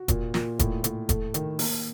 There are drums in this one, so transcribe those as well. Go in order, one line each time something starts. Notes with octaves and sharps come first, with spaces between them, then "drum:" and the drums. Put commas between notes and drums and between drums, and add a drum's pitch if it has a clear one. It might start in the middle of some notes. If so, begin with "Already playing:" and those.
Already playing: F#4
A#2, drum: kick E1, hi-hat
A#2, drum: snare
A2, drum: kick E1, hi-hat
A2, drum: hi-hat
A3, drum: kick E1, hi-hat
D#3, drum: hi-hat
A#3, drum: open hi-hat